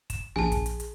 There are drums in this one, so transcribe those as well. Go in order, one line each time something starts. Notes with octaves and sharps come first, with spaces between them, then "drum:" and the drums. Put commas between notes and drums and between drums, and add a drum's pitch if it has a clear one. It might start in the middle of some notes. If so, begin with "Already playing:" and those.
E7, drum: kick, hi-hat
A#1 G#4 G#5 A5, drum: snare
drum: kick, hi-hat
drum: hi-hat
drum: hi-hat